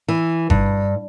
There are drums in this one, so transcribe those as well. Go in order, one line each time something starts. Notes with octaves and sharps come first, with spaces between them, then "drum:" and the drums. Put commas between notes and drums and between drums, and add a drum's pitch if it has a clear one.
E3
G2, drum: kick G1